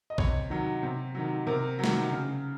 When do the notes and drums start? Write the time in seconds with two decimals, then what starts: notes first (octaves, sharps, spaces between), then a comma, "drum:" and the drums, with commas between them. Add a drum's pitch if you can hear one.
0.10 D#5
0.18 C3 C#5, drum: kick
0.50 D#3 F#3
0.83 C3
1.15 D#3 F#3
1.47 C3 A#4
1.79 F#3
1.84 D#3, drum: snare
2.11 C#3